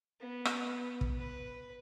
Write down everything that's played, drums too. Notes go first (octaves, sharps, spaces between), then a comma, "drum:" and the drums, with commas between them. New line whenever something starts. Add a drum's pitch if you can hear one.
B3
drum: rim click
drum: kick
B4